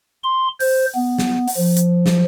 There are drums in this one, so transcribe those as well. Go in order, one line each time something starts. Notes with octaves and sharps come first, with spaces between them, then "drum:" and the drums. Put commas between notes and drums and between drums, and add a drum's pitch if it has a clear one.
C6
C5, drum: open hi-hat
B3
drum: snare
drum: open hi-hat
F3
drum: hi-hat
drum: snare